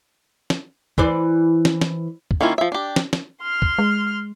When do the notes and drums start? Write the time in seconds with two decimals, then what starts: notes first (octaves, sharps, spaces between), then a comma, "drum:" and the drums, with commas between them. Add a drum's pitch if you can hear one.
0.50 drum: snare
0.98 E3 C5 D5, drum: kick
1.65 drum: snare
1.81 drum: snare
2.31 drum: kick
2.41 D#3 A#3 C#4 E4 F4
2.58 F3 E5
2.72 D4 G4
2.96 drum: snare
3.13 drum: snare
3.42 C6 F6
3.62 drum: kick
3.78 G#3